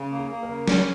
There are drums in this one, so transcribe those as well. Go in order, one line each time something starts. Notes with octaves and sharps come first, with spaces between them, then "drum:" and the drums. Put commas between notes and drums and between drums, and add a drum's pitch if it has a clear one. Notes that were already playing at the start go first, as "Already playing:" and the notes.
Already playing: C#3
A#3
G#4
A#3
A#4
C#3
C#4 G#4, drum: snare